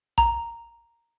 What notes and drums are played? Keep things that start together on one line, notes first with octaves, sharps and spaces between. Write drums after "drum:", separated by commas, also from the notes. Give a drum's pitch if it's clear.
A#5, drum: kick